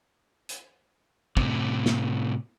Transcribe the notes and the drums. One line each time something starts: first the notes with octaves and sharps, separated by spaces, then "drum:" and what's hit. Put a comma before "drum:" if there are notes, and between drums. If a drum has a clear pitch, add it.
drum: hi-hat
A2 C3, drum: kick
drum: snare